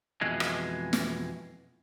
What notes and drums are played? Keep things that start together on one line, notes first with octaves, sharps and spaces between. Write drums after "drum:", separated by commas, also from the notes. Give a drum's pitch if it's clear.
F2 B2 E3 G#3
drum: rim click
drum: snare